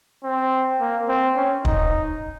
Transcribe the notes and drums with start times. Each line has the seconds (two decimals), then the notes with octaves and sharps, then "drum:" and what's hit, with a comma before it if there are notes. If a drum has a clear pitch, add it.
0.24 C4
0.80 A#3
1.08 C4
1.36 C#4
1.65 D#4, drum: kick